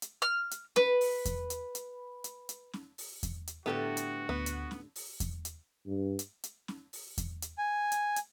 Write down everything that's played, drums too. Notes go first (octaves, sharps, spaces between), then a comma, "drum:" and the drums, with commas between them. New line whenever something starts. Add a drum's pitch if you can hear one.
drum: hi-hat
F6
drum: hi-hat
B4, drum: snare C#4
drum: open hi-hat
drum: kick E2, hi-hat
drum: hi-hat
drum: hi-hat
drum: hi-hat
drum: hi-hat
drum: snare C#4
drum: open hi-hat
drum: kick E2, hi-hat
drum: hi-hat
A2 D3 G3 B3 F#4 G4 A4
drum: hi-hat
D2 B3
drum: hi-hat
drum: snare C#4
drum: open hi-hat
drum: kick E2, hi-hat
drum: hi-hat
G2
drum: hi-hat
drum: hi-hat
drum: snare C#4
drum: open hi-hat
drum: kick E2, hi-hat
drum: hi-hat
G#5
drum: hi-hat
drum: hi-hat